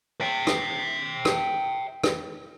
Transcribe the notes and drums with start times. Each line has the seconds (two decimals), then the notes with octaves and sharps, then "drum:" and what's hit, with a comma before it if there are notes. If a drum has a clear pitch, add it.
0.21 E5 G5
0.47 drum: rim click
1.25 drum: rim click
2.04 drum: rim click